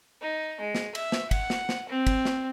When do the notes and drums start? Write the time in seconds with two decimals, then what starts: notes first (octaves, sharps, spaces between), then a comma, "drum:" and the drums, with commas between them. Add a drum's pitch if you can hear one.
0.22 D#4
0.61 G#3
0.75 drum: snare
0.95 E5, drum: cymbal
1.12 drum: snare
1.31 F#5, drum: kick, cymbal
1.50 drum: snare
1.69 drum: snare
1.89 C4
2.07 drum: kick, cymbal
2.25 drum: snare